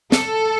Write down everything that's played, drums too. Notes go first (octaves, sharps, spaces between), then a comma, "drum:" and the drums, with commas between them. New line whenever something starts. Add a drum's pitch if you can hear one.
A4, drum: snare